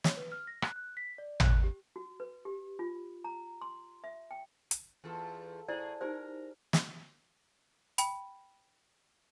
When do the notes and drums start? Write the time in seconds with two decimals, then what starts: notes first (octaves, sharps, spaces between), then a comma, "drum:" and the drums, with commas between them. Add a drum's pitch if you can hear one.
0.04 C#5, drum: snare
0.17 B4
0.32 F6
0.47 A#6
0.62 F#6, drum: rim click
0.76 F#6
0.97 B6
1.18 D5
1.40 F#6, drum: tom
1.64 G4
1.96 F#4
2.20 B4
2.45 G4
2.79 F4
3.24 A#5
3.62 C6
4.04 E5
4.31 G5
4.71 drum: hi-hat
5.04 E2 F4 A4
5.68 A2 E4 G#4 C5 D5
6.01 D#4 G4 A#4 C5
6.73 drum: snare
7.98 G5 B5, drum: hi-hat